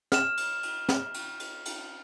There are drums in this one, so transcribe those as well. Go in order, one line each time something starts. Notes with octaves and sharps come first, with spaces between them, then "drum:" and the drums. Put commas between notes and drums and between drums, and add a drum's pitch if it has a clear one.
F6 E7, drum: snare
drum: cymbal
drum: cymbal
drum: snare
drum: cymbal
drum: cymbal
drum: cymbal